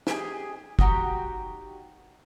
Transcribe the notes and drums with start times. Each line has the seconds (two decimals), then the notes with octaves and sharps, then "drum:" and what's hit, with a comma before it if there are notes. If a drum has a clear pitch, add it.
0.07 G4 G#4 D#5 G#5, drum: snare
0.79 D#4 F#4 G4 A#5, drum: kick